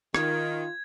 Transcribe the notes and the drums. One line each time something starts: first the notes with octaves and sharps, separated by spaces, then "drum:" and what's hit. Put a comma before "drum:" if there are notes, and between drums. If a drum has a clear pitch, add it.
D#3 F4 G#6, drum: rim click